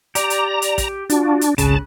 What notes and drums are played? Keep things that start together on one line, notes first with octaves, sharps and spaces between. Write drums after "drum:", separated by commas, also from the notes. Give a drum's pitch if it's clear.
G4 D5 A#5, drum: hi-hat
drum: hi-hat
drum: hi-hat
drum: kick, hi-hat
D4 F4 F#4, drum: hi-hat
drum: hi-hat
G#1 C#2 C#3 A5 F#6, drum: hi-hat